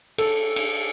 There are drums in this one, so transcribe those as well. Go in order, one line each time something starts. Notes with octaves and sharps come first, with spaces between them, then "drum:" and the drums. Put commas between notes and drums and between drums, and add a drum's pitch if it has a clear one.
A4, drum: cymbal
drum: cymbal